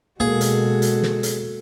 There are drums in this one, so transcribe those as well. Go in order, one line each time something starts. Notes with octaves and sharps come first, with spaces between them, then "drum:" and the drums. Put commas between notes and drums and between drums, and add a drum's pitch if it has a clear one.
B2 G#3 A#3 F#4 G#4 A4
drum: hi-hat
drum: hi-hat
drum: snare
drum: hi-hat